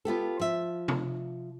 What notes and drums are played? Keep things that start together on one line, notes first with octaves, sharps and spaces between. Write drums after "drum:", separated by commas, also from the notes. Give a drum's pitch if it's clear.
B3 F4 G4 A4
F3 E5
drum: tom